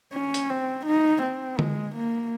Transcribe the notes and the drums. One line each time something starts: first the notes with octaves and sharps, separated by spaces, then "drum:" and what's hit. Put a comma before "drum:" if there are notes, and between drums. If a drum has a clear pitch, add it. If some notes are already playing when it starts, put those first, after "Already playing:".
C#4
drum: hi-hat
C4
D#4
C4
G#3, drum: tom D3
A#3